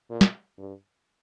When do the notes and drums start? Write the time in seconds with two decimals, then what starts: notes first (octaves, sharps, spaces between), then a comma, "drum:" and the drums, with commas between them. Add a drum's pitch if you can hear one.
0.10 A#2
0.21 drum: snare
0.58 G2